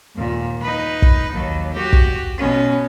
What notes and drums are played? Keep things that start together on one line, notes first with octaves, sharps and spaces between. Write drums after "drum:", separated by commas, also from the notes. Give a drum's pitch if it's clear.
D#2 A#2
D#4 B4
drum: kick
D#2 F#3
F#4 G4
drum: kick
B2 C#4